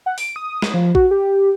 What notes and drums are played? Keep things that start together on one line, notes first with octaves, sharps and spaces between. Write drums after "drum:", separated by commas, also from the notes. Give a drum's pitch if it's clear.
F#5
D7, drum: open hi-hat
D#6
drum: snare G#3
F3
F#4, drum: kick
G4